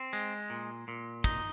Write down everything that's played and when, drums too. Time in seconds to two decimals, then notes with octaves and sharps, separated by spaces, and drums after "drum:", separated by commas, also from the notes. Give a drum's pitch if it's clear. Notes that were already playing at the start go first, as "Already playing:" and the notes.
Already playing: C4
0.13 G#3
0.50 A#2
0.88 A#2
1.24 D#4, drum: kick